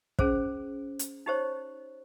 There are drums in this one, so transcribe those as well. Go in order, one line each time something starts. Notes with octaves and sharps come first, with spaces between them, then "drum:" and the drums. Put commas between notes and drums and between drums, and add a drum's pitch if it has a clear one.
C#4 G#4 C5, drum: kick
drum: hi-hat
D#4 G4 C5 C#5